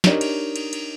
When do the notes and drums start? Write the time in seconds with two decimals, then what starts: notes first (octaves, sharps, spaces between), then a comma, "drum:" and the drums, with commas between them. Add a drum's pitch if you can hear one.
0.04 D4 D#4 G4 A#4 C#5 D#5, drum: snare
0.21 drum: cymbal
0.56 drum: cymbal
0.73 drum: cymbal